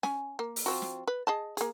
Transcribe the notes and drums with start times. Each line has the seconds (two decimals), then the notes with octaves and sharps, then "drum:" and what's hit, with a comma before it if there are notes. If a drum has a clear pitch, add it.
0.03 C#4 G#5, drum: snare
0.39 A#3
0.56 drum: open hi-hat
0.66 F3 C4 F#4
0.82 drum: snare
1.08 B4
1.27 G#4 D#5 A5
1.57 A#3 G#4, drum: hi-hat